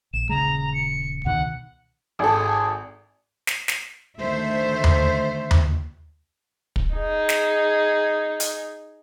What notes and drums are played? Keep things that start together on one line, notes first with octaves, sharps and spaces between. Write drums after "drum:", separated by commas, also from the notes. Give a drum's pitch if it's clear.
A#1 E7
D#1 C#3 G#3 A#5
C#7
C#2 B2 D#3 F#5
G#1 G#4 A4
drum: snare
drum: snare
D2 D#3 A3 C5 E5
drum: tom D#2
drum: tom D#2
drum: kick
D#4 G#4
drum: snare
drum: hi-hat